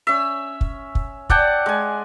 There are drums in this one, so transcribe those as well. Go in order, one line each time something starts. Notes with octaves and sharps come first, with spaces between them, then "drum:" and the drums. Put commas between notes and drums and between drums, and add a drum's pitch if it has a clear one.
C#4 E5
drum: kick
drum: kick
D5 F#5 G5 A5, drum: kick
G#3 G#5